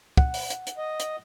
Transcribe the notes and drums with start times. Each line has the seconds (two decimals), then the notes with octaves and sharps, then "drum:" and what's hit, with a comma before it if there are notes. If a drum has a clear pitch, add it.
0.17 F#5, drum: kick
0.34 drum: open hi-hat
0.50 drum: hi-hat
0.67 drum: hi-hat
0.77 D#5
1.00 drum: hi-hat